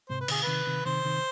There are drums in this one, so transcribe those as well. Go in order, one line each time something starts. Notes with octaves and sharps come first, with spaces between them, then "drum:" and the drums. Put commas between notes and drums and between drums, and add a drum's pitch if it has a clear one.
G#2 C3 C5
B4
B2 D3 G#4, drum: cymbal
C3 D#3 B4
C3 D#3
C3 D#3 C5
C3 D#3